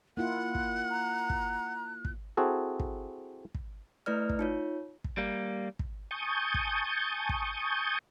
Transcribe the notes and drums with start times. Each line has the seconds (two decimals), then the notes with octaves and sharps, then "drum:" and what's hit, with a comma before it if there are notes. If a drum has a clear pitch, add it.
0.17 A#3 E4 F4 F#5 F#6
0.55 drum: kick
0.90 A#5
1.30 drum: kick
2.05 drum: kick
2.37 C4 E4 F#4 G#4 A4
2.80 drum: kick
3.55 drum: kick
4.06 A3 E4 B4 D5 F6
4.29 drum: kick
4.39 D#4 F4 C#5
5.04 drum: kick
5.18 G3 A#3
5.79 drum: kick
6.11 G#5 A5 C#6 D#6 G6
6.54 drum: kick
7.29 drum: kick